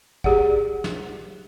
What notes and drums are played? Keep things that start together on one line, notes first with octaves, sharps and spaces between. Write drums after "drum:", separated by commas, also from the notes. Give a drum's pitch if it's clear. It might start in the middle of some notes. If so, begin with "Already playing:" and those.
G4 G#4 D5 F#5, drum: kick
drum: snare